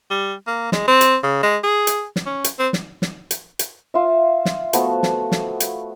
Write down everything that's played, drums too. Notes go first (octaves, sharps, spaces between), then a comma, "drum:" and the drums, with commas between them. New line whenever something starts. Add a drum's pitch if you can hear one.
G3
A#3
G#3, drum: snare
C4
drum: hi-hat
C#3
G#3
G#4
drum: hi-hat
drum: snare
C#4
drum: hi-hat
C4
drum: snare
drum: snare
drum: hi-hat
drum: hi-hat
F4 E5
drum: snare
F3 A3 B3 F#4, drum: hi-hat
drum: snare
drum: snare
drum: hi-hat